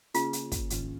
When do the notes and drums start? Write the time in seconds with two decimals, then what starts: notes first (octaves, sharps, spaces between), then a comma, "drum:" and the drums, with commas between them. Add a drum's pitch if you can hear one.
0.14 C#3 A#3 C#4 F4 G#4, drum: hi-hat
0.33 drum: hi-hat
0.52 drum: kick, hi-hat
0.70 A#1 G#2 D#3 C#4 F4, drum: hi-hat